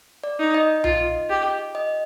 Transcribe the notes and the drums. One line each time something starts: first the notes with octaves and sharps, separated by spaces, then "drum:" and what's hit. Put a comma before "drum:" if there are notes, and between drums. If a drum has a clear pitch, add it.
D5
D#4
D#5
F4, drum: tom B1
G4
D#5